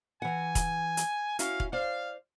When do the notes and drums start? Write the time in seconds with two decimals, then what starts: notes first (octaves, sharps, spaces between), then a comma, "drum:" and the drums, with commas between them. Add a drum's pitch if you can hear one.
0.22 E3 F#5 G#5
0.55 drum: kick E1, hi-hat
0.97 drum: hi-hat
1.39 C#4 E4 F#4 F5, drum: hi-hat
1.60 drum: kick E1
1.73 C5 D5 F5